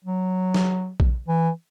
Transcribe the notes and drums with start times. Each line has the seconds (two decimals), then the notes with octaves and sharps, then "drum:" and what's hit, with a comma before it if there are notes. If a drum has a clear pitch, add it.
0.05 F#3
0.54 drum: snare
1.00 drum: kick A#1
1.28 E3